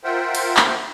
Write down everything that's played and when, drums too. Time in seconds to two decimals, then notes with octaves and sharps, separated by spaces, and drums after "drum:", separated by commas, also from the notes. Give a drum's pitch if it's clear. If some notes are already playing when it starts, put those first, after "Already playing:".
0.04 F4 A#4 C5 E5 F#5 G5
0.35 drum: cymbal
0.57 drum: clap